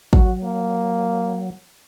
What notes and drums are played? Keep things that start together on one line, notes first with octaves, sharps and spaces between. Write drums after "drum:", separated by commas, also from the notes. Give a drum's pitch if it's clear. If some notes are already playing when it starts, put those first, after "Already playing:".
F#3 F#4, drum: kick
A#3